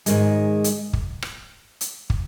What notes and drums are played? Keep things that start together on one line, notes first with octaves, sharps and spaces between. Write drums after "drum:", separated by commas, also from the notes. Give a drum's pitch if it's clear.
G#2 D#3 G#3, drum: hi-hat
drum: hi-hat
drum: kick
drum: rim click
drum: hi-hat
drum: kick